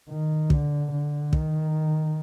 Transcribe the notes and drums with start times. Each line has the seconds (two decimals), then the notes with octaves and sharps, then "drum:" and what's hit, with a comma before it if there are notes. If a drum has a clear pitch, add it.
0.10 D#3
0.50 D3, drum: kick
0.92 D3
1.33 D#3, drum: kick